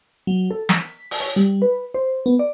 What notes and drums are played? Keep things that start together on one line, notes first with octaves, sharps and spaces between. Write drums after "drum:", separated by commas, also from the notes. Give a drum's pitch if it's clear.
F#3
A4
B6, drum: snare
drum: open hi-hat
C#5
G3
B4
C5
B3
D5